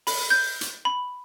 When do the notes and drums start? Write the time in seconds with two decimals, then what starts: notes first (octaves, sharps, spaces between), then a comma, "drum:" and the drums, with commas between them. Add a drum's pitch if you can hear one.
0.07 B5, drum: open hi-hat
0.30 G6
0.61 drum: hi-hat
0.85 B5